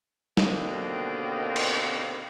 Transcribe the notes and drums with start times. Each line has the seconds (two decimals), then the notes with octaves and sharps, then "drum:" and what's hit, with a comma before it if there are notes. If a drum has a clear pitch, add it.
0.37 D#2 B2 D3 A#3 C4 D#4, drum: snare
1.56 drum: cymbal